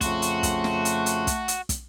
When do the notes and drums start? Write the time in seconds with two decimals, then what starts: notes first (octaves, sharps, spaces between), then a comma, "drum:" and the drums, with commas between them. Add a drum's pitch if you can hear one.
0.01 F2 C#3 A3 F#4 C6, drum: kick, hi-hat
0.22 drum: hi-hat
0.43 drum: kick, hi-hat
0.64 drum: snare
0.85 drum: hi-hat
1.06 drum: hi-hat
1.27 drum: kick, hi-hat
1.48 drum: hi-hat
1.69 drum: kick, hi-hat